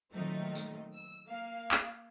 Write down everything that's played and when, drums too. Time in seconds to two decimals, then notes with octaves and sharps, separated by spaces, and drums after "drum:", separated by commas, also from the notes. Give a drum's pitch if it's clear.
0.12 A#2 D#3 F#3 A3 C4 D#4
0.55 drum: tambourine
0.94 E6
1.26 A#3 F5
1.71 drum: clap